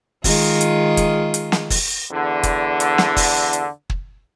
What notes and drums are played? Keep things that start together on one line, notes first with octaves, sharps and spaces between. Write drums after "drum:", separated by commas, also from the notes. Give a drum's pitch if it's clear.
D#3 G#3 F4, drum: kick, open hi-hat
drum: hi-hat
drum: kick, hi-hat
drum: hi-hat
drum: snare
drum: kick, open hi-hat
E2 D3
drum: kick, hi-hat
drum: hi-hat
drum: snare
drum: kick, open hi-hat
drum: hi-hat
drum: kick